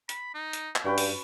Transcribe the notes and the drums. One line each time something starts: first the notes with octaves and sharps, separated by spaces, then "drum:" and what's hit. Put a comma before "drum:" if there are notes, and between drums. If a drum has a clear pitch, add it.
B5, drum: hi-hat
D#4
drum: hi-hat
drum: clap
G2 F#3 C#4 B4 G5
drum: open hi-hat